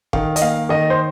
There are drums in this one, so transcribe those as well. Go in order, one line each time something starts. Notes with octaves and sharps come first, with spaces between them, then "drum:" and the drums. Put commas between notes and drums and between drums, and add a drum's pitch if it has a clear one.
D#3 F5, drum: kick F#1
D#5, drum: hi-hat
A#3 F5
D#3 D#5
C5